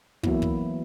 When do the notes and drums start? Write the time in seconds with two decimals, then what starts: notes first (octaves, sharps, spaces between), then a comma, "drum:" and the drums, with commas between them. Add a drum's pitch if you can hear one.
0.23 E3 F#3 A#3 B3 E4, drum: kick
0.42 drum: kick